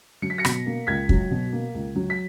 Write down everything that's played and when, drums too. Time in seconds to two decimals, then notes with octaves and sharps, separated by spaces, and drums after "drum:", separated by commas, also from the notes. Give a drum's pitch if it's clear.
0.22 F#3 C#7
0.30 B6
0.38 A#6 C#7
0.45 B2, drum: rim click
0.66 A#3
0.87 C#2 G#6 B6
1.09 F#3, drum: kick
1.31 B2
1.52 A#3
1.74 C#2
1.96 F#3
2.10 B6